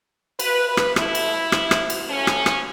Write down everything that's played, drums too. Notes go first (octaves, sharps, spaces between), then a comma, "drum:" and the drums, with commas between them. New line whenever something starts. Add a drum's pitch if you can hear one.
B4, drum: cymbal
B4
drum: rim click
B2 A3 E4, drum: rim click
drum: cymbal
drum: rim click
drum: rim click
drum: cymbal
A2 F#3 A3 C#4
drum: rim click
drum: rim click